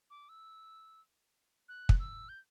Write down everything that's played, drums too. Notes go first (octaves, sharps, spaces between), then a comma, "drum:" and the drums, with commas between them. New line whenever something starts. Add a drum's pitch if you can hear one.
D6
E6
F#6
drum: kick
E6
G6